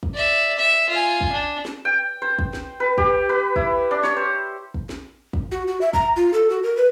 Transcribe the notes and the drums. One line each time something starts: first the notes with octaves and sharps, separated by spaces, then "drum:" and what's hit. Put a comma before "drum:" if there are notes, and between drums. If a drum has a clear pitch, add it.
drum: kick
D5 E5
E5
F4 G#5
drum: kick
D4
drum: snare
G5
C5
drum: kick
drum: snare
B4
G4, drum: kick
B4
E4, drum: kick
D4
C#5, drum: snare
C5
drum: kick
drum: snare
drum: kick
F#4
F#4
E5
A#5, drum: kick
F4
A4
F#4
A#4
B4